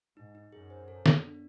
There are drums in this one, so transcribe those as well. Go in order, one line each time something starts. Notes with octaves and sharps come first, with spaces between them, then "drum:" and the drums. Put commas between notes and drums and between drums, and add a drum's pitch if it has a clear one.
G#2 D#4
D#4
F#2 G#4
C5
A4
B3, drum: snare
D4